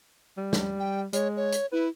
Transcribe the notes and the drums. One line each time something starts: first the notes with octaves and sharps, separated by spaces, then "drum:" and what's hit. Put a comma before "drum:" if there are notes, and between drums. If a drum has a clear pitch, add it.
G3
drum: snare
G5
G#3 C#5, drum: hi-hat
C#5
drum: hi-hat
E4 B4